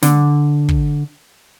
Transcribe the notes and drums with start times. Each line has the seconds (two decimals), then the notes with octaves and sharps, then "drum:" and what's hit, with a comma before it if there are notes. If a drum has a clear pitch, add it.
0.03 D3, drum: snare
0.69 drum: kick